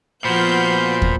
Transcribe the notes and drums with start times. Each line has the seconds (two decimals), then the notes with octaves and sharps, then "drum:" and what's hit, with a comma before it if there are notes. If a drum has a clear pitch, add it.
0.25 A#2 F3 B3 F4 F#4 C5 B5 G6
1.02 drum: kick